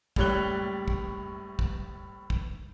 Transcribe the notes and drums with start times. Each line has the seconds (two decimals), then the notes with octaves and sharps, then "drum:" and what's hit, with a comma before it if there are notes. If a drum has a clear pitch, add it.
0.16 F#1 A2 G3 C#5 F#6 G7, drum: kick
0.88 drum: kick
1.59 drum: kick
2.30 drum: kick